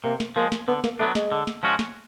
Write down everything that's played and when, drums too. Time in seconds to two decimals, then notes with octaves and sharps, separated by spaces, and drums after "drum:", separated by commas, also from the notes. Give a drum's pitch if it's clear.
0.04 C3 A#3
0.20 drum: snare
0.36 F3 G#3 A#3
0.52 drum: snare
0.68 D3 B3
0.84 A#3, drum: snare
0.99 F#3 A3 B3 D4
1.15 G#3, drum: snare
1.32 D3
1.47 drum: snare
1.63 F3 G#3 C#4 F#4
1.79 drum: snare